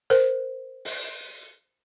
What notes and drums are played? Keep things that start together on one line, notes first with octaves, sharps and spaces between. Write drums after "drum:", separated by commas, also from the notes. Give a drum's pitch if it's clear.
A#4 C5
drum: open hi-hat